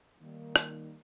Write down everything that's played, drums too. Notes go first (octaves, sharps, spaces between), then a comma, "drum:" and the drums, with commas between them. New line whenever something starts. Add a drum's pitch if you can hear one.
D#3 G3 A#3
drum: rim click